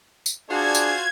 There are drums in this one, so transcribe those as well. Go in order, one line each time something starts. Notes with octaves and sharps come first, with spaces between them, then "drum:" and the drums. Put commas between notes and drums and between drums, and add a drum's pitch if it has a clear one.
drum: tambourine
D4 F4 F#4 G#4 C5 G#6
drum: tambourine